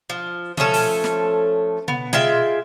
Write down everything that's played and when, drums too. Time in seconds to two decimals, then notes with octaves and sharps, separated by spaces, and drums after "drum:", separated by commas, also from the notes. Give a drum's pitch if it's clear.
0.10 F3
0.57 F3 A3 C#4 A4, drum: tom B2
0.73 drum: open hi-hat
1.04 drum: snare
1.88 B3, drum: tom B2
2.13 G#3 F4 E5 G5, drum: tom B2